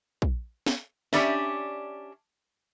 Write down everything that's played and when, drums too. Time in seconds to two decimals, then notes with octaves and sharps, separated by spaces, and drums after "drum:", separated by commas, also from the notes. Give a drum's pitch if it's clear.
0.22 drum: kick
0.66 drum: snare
1.13 C#4 D4 E4 G4 D5 E5, drum: snare